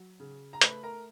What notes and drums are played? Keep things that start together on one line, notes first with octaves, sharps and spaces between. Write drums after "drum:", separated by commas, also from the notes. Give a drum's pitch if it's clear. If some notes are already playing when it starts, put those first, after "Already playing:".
Already playing: F#3
C#3
A#5
A3 B4 B5, drum: hi-hat
A#4 A#5